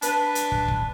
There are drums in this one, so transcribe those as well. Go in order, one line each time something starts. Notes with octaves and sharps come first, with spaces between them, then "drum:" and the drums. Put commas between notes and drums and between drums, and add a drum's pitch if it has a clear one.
D4 B4, drum: hi-hat
drum: hi-hat
drum: kick
drum: kick